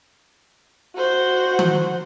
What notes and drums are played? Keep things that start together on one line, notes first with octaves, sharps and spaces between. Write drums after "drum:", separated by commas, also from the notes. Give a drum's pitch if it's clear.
F#4 C5
drum: tom D#3